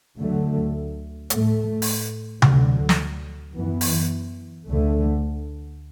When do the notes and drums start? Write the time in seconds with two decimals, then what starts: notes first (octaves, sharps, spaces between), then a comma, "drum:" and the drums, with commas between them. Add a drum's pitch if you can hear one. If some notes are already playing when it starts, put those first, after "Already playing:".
0.17 D2 D3 F#3 A3
1.30 A2 A3, drum: hi-hat
1.82 drum: open hi-hat
2.42 D2 D3 F#3, drum: tom C3
2.89 drum: snare
3.53 F#2 E3 B3
3.81 drum: open hi-hat
4.66 D2 D3 A3